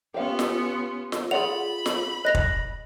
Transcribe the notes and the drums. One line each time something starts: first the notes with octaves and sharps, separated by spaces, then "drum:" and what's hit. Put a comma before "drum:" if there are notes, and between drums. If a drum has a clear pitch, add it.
B3 C#4 F4 G4 F5
drum: snare
drum: snare
F4 G#4 D5 F#5 B5 F7
drum: snare
D#5 F#6 A#6 F7
drum: kick